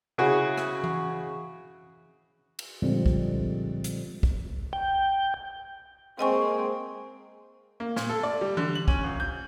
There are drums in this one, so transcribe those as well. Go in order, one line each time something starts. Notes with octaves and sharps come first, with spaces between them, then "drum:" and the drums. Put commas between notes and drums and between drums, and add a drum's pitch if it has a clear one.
C#3 E4 F#4 G#4
drum: rim click
drum: tom E3
drum: cymbal
A#2 D3 F3 G3 G#3 C4
drum: kick
drum: hi-hat
drum: kick
G5
G#3 A#3 C4 G#4 D#5 G#5 C#6
A#3
A#2, drum: snare
A4
D5
G3
D3, drum: tom E3
F#7
C#4, drum: kick
D#1
G6